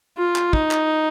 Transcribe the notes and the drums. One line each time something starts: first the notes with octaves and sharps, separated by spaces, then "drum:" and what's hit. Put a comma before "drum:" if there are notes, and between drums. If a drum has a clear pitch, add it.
F4
drum: clap
D#4, drum: kick
drum: clap